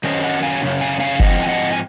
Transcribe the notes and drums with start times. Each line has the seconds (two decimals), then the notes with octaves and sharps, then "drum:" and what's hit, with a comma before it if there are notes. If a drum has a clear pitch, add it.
0.04 F#2 D#3 F#3 C#4 C5 D#5
0.23 D#5 F#5
0.43 F5 G#5
0.63 F#2 C#3
0.81 F5 G#5
1.00 F5 G#5
1.20 G#2 F3 C4 D#5 F#5, drum: kick F#1
1.43 G#5
1.48 D#5 F#5
1.73 G#5